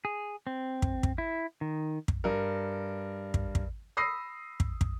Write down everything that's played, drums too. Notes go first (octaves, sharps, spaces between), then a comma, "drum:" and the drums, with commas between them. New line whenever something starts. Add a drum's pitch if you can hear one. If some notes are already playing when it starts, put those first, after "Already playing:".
G#4
C4
drum: kick
drum: kick
E4
D#3
drum: kick
G2 A#4
drum: kick
drum: kick
B5 D#6 E6 A#6 C7
drum: kick
drum: kick